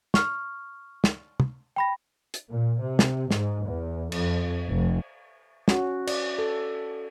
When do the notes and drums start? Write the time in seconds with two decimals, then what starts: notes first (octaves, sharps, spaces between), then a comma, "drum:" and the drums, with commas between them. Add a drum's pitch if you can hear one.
0.14 C#6 F6, drum: snare
1.04 drum: snare
1.40 drum: tom
1.76 G5 B5 A#6
2.34 drum: hi-hat
2.49 A#2
2.80 C3
2.99 drum: snare
3.31 G#2, drum: snare
3.66 E2
4.12 F2, drum: cymbal
4.70 F1
5.68 C#4 F#4, drum: snare
6.07 D5, drum: cymbal
6.39 A4